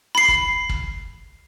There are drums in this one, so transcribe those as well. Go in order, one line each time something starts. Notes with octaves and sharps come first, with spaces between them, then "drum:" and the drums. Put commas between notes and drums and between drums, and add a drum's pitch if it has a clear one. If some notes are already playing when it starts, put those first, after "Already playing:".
B5 C7
drum: kick
drum: kick